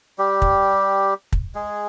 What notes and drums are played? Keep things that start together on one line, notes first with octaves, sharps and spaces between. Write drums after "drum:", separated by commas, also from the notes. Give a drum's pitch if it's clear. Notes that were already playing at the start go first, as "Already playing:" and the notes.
G3 G4
drum: kick
drum: kick
G#3 G#4